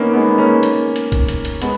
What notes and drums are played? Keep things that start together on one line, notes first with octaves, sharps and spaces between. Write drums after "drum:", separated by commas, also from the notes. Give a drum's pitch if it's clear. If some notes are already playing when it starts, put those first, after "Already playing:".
Already playing: A#3 B3 C#4 D#4
G#3 B3
A#3 C#4
drum: hi-hat
drum: hi-hat
drum: kick, hi-hat
drum: hi-hat
drum: hi-hat
G#3 B3, drum: hi-hat